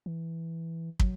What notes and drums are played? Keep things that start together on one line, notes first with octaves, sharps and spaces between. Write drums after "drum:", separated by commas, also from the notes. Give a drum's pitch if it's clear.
E3
F#3, drum: kick